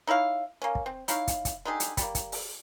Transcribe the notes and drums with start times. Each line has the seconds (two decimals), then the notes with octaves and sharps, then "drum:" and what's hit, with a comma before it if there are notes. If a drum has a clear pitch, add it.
0.07 D#4 E4 C#5 F5
0.62 A#3 C#4
0.75 drum: kick
0.86 C4
1.08 D#4 E4 C#5 F5, drum: hi-hat
1.28 drum: kick, hi-hat
1.45 drum: kick, hi-hat
1.65 D3 D#4 G4 G#4
1.80 drum: hi-hat
1.97 G3 A#3, drum: kick, hi-hat
2.15 drum: kick, hi-hat
2.32 drum: open hi-hat